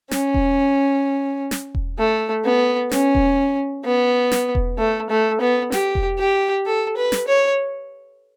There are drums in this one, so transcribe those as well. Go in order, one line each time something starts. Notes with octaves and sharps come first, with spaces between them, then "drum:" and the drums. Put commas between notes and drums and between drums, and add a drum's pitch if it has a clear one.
C#4, drum: snare
drum: kick E1
drum: snare
drum: kick E1
A3
B3
C#4, drum: snare
drum: kick E1
B3
drum: snare
drum: kick E1
A3
A3
B3
G4, drum: snare
drum: kick E1
G4
A4
B4
drum: snare
C#5